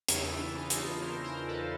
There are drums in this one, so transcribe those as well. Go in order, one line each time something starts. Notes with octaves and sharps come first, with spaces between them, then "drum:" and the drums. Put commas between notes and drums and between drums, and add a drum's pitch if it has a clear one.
E2 C#3 E3 C#4 D#4, drum: hi-hat
D4 E4
D#4 F4
drum: hi-hat
E2 C#3 E3 A#4 C5
A#4 C5
A4 B4